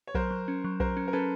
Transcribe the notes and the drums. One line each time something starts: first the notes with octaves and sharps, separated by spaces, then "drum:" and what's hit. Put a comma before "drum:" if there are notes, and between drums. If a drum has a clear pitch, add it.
C#5
F#3 A#4 C5, drum: kick B1
F#3
C#4
F#3
F#3 A#4 C5, drum: kick B1
C#4
A#4
C#4 A4 B4